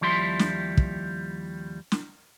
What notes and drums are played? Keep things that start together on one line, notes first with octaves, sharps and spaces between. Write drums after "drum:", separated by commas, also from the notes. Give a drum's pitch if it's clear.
D#2 F3 G3 E4 C6
drum: snare
drum: kick
drum: snare